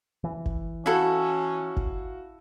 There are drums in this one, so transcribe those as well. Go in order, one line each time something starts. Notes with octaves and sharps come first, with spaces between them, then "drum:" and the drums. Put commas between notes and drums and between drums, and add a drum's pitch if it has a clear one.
E3
drum: kick G1
C#4 E4 F#4 A4 F5
drum: kick G1